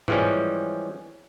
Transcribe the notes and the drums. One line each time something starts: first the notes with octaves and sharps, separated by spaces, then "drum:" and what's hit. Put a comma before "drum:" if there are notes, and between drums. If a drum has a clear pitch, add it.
E3 F3 G3 G#3 C#4, drum: tom G#2